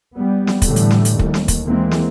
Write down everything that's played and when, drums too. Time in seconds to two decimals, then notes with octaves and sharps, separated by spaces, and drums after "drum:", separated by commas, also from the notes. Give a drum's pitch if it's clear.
0.15 G3 B3
0.47 drum: snare
0.62 A2 D3 E3 G3 A3, drum: kick, hi-hat
0.76 drum: hi-hat
0.91 drum: snare
1.05 drum: hi-hat
1.19 D#2, drum: kick
1.34 drum: snare
1.48 drum: kick, hi-hat
1.66 E3 G#3 A#3 C4
1.91 drum: snare